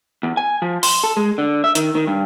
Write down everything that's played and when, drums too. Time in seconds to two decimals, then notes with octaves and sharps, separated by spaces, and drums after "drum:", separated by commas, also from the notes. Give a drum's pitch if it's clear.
0.23 E2
0.37 G#5
0.62 F3
0.83 C6, drum: open hi-hat
1.04 A4
1.17 G#3
1.38 D3
1.64 E5
1.75 D#3, drum: hi-hat
1.95 D#3
2.07 G2